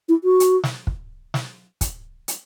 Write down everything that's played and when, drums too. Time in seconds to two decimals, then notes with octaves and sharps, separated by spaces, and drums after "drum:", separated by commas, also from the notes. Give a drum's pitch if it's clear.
0.09 E4
0.24 F#4
0.40 drum: hi-hat
0.64 drum: snare
0.87 drum: kick
1.34 drum: snare
1.81 drum: kick, hi-hat
2.28 drum: hi-hat